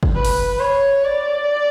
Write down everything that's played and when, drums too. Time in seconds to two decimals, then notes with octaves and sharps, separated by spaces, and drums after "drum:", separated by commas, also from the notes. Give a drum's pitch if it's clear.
0.03 drum: kick
0.15 B4
0.25 drum: open hi-hat
0.60 C#5
1.05 D5